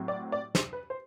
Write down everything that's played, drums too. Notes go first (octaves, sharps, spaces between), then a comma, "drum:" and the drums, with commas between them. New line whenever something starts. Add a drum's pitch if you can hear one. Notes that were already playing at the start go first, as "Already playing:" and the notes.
Already playing: A2 F#3 C4
D5
D5
C5, drum: snare
B4
C5